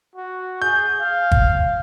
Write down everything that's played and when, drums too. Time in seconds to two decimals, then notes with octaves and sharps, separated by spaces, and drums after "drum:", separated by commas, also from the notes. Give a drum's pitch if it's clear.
0.15 F#4
0.62 G#4 G6
1.00 F5
1.31 drum: kick